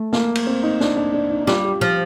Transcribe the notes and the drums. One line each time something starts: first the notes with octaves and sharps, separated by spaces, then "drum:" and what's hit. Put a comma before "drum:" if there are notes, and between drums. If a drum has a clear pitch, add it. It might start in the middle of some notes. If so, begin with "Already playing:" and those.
Already playing: A3
A#3, drum: snare
drum: cymbal
C4
D#4
D4, drum: snare
D4
D4
D#4
D#4
G3 F4, drum: snare
G4
F3 G4